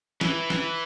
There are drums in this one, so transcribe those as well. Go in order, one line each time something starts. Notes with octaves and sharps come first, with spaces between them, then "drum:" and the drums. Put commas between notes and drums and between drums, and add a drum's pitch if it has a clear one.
E3, drum: snare
drum: snare